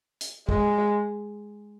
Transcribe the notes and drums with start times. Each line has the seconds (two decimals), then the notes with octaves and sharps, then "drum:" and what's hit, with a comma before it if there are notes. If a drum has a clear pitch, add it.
0.21 drum: hi-hat
0.49 G#3, drum: kick